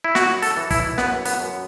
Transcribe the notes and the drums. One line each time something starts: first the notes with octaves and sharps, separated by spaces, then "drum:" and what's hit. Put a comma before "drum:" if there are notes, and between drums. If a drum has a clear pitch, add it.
E4
F#2 F#4, drum: snare
A4, drum: hi-hat
E3
E4, drum: kick, hi-hat
F#2 B3, drum: snare
B3, drum: hi-hat
F#2